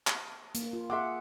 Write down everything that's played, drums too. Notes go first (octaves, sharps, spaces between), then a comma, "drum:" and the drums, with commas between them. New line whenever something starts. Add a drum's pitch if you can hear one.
drum: clap
A#3, drum: hi-hat
F4
G#4 E5 F#5 C6 D6